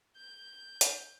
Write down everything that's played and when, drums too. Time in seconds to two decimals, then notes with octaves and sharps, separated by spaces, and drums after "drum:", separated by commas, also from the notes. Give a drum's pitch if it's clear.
0.17 G6
0.81 drum: hi-hat